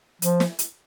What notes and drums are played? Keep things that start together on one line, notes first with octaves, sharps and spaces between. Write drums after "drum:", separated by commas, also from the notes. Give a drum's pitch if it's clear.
F3, drum: hi-hat
drum: snare
drum: hi-hat